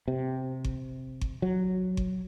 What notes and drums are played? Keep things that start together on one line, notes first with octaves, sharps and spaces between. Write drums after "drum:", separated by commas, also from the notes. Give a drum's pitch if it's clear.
C3
drum: kick G1
drum: kick G1
F#3
drum: kick G1